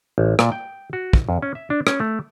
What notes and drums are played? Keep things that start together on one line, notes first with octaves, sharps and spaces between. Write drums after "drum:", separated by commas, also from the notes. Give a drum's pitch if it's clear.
A1
A#2, drum: rim click
G5
F#4
drum: kick
F2
C#4
E5
D4
C#4, drum: rim click
A3